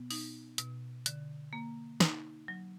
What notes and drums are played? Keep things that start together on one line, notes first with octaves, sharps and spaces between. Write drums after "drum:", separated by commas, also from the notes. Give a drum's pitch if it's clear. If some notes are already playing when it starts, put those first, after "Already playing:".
Already playing: B2 B3
D#4, drum: open hi-hat
B2, drum: hi-hat
D3, drum: hi-hat
A#3
D#4, drum: snare
F#3